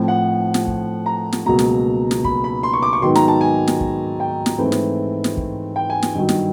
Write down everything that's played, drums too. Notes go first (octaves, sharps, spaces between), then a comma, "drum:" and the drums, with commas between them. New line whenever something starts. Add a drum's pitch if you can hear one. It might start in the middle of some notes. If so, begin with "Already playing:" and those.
Already playing: A2 F3 A3 C4
F#5
drum: snare
drum: kick
A#5
drum: snare
C#2 B2 F#3 A#3 A#5
drum: snare
drum: snare
B5, drum: kick
B5
C6
C#6
D6
C#6
G#2 D#3 F#3 B3 C6
A#5, drum: snare
A5
G#5
drum: snare
drum: kick
G5
drum: snare
G#2 E3 A3 C4
drum: snare
drum: snare
drum: kick
G5
G#5
drum: snare
G2 D#3 F#3
drum: snare